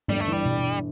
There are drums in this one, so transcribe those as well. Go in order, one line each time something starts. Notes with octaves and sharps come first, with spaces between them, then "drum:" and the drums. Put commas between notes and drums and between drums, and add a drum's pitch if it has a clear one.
G1 G3, drum: tom G#2
A3
E3
G3
drum: tom B2